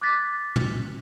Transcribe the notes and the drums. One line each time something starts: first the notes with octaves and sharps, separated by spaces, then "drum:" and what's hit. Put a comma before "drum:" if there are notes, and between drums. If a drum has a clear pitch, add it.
D6 F#6 G#6 A6 B6
drum: tom